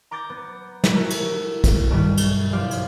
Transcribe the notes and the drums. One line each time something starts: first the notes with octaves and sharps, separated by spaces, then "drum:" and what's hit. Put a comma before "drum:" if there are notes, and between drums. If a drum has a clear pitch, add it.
A#5 D6 G6 A6 A#6
B3
drum: snare
E4 F#4 A4 A#4
drum: cymbal
drum: kick, cymbal
G2 B2 D#3 G3
drum: cymbal
F#1 F3 G4 D5 F5 D6
drum: cymbal